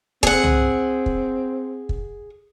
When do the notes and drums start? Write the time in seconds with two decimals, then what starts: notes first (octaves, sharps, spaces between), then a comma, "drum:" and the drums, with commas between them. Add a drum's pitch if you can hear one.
0.23 C4 G#4 F#5, drum: kick
0.44 drum: tom
1.06 drum: kick
1.89 drum: kick